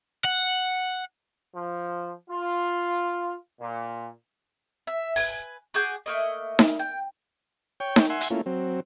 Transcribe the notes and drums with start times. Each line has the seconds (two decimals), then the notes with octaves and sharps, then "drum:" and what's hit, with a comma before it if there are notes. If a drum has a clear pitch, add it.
0.24 F#5
1.55 F3
2.29 F4
3.60 A#2
4.87 E5
5.16 B4 G#5, drum: open hi-hat
5.74 F#4 G#4 D6 G6
6.06 A3 A#3 D#5
6.59 drum: snare D#4
6.79 G5
7.80 C#5 G5
7.96 drum: snare D#4
8.10 E5 F#5 G#5 C6
8.21 drum: hi-hat
8.31 A3 A#3 C#4 E4 F4
8.46 F#3 C4